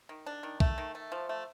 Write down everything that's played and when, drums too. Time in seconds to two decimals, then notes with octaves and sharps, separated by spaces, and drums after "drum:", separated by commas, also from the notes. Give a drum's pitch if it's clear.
0.09 D#3
0.26 D4
0.43 D#3
0.60 A3, drum: kick
0.78 D#3
0.95 A3
1.12 F3
1.29 A3